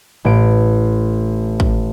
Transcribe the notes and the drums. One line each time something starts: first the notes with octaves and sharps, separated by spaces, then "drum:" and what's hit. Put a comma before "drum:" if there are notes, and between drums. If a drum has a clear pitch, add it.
A1 D7
drum: kick